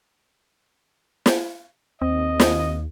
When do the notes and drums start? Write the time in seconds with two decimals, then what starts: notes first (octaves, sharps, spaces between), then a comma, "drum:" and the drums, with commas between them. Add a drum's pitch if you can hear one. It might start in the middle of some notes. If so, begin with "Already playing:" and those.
1.26 drum: snare
2.02 D#2 C4 D#5
2.40 drum: snare